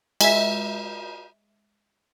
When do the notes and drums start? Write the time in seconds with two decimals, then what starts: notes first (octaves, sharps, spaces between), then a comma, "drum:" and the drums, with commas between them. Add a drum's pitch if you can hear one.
0.21 G#3 E5, drum: cymbal